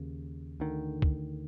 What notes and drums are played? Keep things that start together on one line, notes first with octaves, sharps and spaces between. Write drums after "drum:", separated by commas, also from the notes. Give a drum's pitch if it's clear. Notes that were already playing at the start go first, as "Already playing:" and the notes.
Already playing: D#2 C#3
D2 D3 D#3
drum: kick